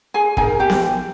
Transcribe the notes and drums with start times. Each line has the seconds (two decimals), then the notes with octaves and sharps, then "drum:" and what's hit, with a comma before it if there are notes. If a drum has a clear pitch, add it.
0.14 G#4 G#5
0.37 D#4 G#4 A#4 G#5, drum: kick
0.60 G4 G5
0.70 drum: snare B3